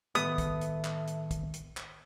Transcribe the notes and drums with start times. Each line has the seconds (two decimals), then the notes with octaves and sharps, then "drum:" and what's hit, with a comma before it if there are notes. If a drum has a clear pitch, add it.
0.15 A2 D#3 G3 A3 B3 D#6, drum: hi-hat
0.38 drum: kick, hi-hat
0.61 drum: hi-hat
0.85 drum: clap
1.08 drum: hi-hat
1.31 drum: kick, hi-hat
1.54 drum: hi-hat
1.77 drum: clap